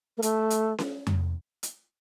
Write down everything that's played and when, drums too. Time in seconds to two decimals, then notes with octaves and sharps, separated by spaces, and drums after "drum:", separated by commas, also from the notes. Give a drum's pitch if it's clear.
0.17 A#3
0.22 A3, drum: hi-hat
0.50 drum: hi-hat
0.78 drum: snare C#4
1.07 drum: tom F2
1.63 drum: hi-hat